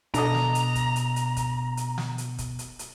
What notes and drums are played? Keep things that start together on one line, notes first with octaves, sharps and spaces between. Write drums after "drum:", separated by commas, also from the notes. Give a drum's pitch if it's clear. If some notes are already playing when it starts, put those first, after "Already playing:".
B2 D4 A4 D#5 A#5, drum: hi-hat
drum: snare
drum: hi-hat
drum: kick, hi-hat
drum: hi-hat
drum: hi-hat
drum: kick, hi-hat
drum: hi-hat
drum: snare
drum: hi-hat
drum: kick, hi-hat
drum: hi-hat
drum: hi-hat